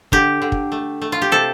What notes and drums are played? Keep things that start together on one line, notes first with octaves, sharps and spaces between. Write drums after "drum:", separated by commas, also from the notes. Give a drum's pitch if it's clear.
D3 G4, drum: kick
D3
drum: kick
A3
A3
F4
G4
C3 A4